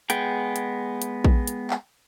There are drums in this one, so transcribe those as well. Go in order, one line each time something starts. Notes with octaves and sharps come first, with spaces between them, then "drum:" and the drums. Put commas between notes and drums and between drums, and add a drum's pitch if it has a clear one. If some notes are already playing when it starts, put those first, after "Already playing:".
G#3 B3 G#4 G5, drum: hi-hat
drum: hi-hat
drum: hi-hat
drum: kick A#1
drum: hi-hat
drum: clap